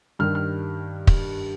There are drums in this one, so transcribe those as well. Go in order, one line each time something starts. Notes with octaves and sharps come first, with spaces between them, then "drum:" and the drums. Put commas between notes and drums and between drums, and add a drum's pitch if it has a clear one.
G2 D#3 G3 F6
F6
drum: kick